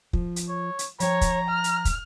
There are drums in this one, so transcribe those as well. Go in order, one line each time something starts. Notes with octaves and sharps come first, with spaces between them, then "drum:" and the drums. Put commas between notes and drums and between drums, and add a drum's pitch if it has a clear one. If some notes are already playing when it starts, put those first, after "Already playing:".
F3, drum: kick
drum: hi-hat
C#5
drum: hi-hat
F3 C#5 G5 A#5, drum: hi-hat
drum: kick, hi-hat
F6
drum: hi-hat
drum: kick, hi-hat